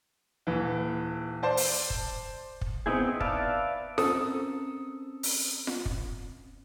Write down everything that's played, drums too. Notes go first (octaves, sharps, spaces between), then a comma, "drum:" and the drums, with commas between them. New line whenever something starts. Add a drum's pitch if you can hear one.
D#1 E3
C5 D5 A5
drum: open hi-hat
drum: kick
drum: kick
B3 C4 D#4 E4 G#4
B4 D5 E5 F5 A5, drum: kick
C4 C#4 A4 A#4 D#6, drum: snare F4
drum: open hi-hat
drum: snare F4
drum: kick